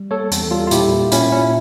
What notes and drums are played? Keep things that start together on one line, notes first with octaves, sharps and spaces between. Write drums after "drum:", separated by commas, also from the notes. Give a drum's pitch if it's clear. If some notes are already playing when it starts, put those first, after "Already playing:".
Already playing: G3
A#3 A4 C#5
E2, drum: hi-hat
G3 F4 A4
F4
A#2 E4 G4, drum: hi-hat
A#3
A#2 C#4 E4, drum: hi-hat
A#2 C#4 E4